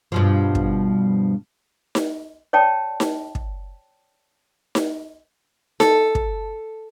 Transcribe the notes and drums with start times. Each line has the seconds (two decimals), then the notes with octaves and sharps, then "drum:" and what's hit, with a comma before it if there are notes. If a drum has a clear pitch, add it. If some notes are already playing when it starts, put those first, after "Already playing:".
0.12 G2 B2 F3
0.55 drum: kick
1.95 drum: snare D#4
2.53 C#5 D5 G5 A5
3.00 drum: snare D#4
3.35 drum: kick
4.75 drum: snare D#4
5.80 A4, drum: snare D#4
6.15 drum: kick